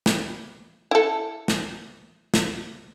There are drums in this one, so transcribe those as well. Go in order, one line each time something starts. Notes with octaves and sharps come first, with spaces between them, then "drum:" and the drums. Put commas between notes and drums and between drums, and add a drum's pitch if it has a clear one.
drum: snare
E4 A4
drum: snare
drum: snare